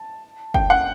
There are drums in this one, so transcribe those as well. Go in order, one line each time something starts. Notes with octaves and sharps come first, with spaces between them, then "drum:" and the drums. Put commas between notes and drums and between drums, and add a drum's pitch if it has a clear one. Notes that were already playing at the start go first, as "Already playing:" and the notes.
Already playing: A5
G5, drum: kick
F#5